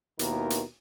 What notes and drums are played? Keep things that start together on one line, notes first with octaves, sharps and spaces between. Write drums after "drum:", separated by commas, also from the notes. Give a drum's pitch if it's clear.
D#2 B2 D#3 E4 A#4, drum: hi-hat
drum: hi-hat